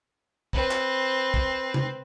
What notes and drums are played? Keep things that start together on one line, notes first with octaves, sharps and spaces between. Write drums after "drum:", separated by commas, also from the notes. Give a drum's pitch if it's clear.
C4 B4, drum: kick
drum: clap
drum: kick
drum: tom